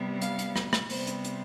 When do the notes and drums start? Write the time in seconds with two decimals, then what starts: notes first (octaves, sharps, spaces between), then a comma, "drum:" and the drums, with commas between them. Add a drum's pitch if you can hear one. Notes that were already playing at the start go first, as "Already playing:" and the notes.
Already playing: C3 G3 B3
0.21 F5, drum: hi-hat
0.38 drum: hi-hat
0.56 drum: rim click
0.73 drum: rim click
0.89 C3 G3 B3 C5, drum: open hi-hat
1.07 drum: hi-hat
1.24 drum: hi-hat